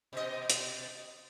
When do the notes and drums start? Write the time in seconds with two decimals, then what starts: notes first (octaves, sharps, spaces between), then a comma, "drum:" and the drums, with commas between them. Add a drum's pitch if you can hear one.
0.13 B2 D#5
0.50 drum: hi-hat